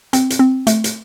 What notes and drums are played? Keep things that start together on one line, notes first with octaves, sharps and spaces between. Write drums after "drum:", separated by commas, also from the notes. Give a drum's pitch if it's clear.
C4, drum: hi-hat
drum: hi-hat
C4
A3, drum: hi-hat
drum: hi-hat